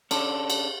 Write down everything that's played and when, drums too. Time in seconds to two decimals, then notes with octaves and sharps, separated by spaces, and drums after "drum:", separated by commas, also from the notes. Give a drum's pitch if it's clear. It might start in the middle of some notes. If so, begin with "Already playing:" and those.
0.11 C#4 D4 A4, drum: cymbal
0.50 drum: cymbal